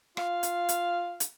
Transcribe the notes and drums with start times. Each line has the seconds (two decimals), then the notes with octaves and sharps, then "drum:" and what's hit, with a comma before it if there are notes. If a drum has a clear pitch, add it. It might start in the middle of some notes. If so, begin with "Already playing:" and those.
0.17 F4 F5, drum: rim click
0.43 drum: hi-hat
0.69 drum: hi-hat
1.20 drum: hi-hat